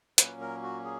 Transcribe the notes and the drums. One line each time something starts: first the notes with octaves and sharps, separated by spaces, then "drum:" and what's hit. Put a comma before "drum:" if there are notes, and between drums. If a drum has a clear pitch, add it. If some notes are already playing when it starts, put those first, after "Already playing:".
A#2 F#3 A#3 C#4 B4, drum: hi-hat
A#4
F#4
G#4